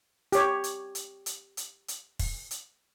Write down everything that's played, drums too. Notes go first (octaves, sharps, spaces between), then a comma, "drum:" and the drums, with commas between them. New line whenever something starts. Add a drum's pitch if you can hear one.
G4 C#5, drum: hi-hat
drum: hi-hat
drum: hi-hat
drum: hi-hat
drum: hi-hat
drum: hi-hat
drum: kick, open hi-hat
drum: hi-hat